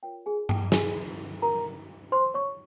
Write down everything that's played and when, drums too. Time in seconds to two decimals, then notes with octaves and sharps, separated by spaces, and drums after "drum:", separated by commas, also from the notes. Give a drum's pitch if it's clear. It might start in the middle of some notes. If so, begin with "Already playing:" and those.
0.03 F4 A#4 C#5 G5
0.26 G#4 G#5
0.49 G5, drum: tom G2
0.72 G#4 G#5, drum: snare
1.42 A#4 A#5
2.12 C5 C6
2.34 C#5 C#6